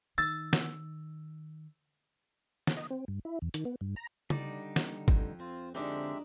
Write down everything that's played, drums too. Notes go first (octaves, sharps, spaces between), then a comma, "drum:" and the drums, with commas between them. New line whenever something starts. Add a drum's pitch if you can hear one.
D#3 E6 A6
drum: snare
drum: snare
D#5
C4
G2
E4
E2
D#3, drum: hi-hat
B3
G2
A#5
D3 G3 D#4 D5, drum: tom
drum: snare
F2 G5, drum: kick G#1
C4 F4
D3 G#3 C4 D4 D#4 G4 A#4 E5